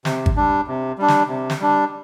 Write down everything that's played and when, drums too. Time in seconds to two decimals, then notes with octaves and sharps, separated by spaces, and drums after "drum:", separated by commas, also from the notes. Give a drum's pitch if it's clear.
0.05 C3, drum: snare
0.26 drum: kick G#1
0.36 G3 D4
0.67 C3
0.98 G3 D4
1.08 drum: snare
1.29 C3
1.50 drum: snare
1.60 G3 D4